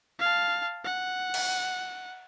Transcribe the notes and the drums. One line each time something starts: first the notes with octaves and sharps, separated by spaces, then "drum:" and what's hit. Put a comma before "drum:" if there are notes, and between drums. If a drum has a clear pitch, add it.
F5 A5
F#5
drum: cymbal